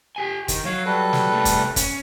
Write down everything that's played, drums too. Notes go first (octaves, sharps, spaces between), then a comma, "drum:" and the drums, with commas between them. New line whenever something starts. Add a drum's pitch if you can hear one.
G4 G#5
D#3, drum: kick, hi-hat
F#3 C#5 F5
G3 A4 B4
drum: snare
C2 A3
drum: kick, hi-hat
C#4, drum: kick, hi-hat